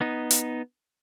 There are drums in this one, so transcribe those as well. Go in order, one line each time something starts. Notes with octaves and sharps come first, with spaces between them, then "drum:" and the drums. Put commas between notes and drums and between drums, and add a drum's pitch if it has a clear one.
B3 D#4
drum: hi-hat